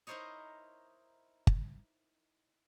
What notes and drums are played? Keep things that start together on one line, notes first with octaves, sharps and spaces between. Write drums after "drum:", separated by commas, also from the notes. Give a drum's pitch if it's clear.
D#4 E4 A#4 C5 C#5 D#5
drum: kick G1